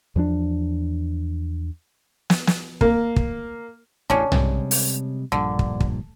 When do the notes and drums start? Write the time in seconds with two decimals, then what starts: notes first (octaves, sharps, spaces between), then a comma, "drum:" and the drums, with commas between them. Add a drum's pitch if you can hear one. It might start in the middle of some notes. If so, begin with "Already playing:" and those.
0.16 E2 F3 G3 D4
2.30 drum: snare
2.47 drum: snare
2.81 A#3, drum: kick
3.16 drum: kick
4.10 A1 E2 A2 C#4 D4
4.32 C3 G3 G#3, drum: tom B1
4.71 drum: open hi-hat
5.32 A#1 G2 A#2 D3
5.59 drum: kick
5.80 drum: kick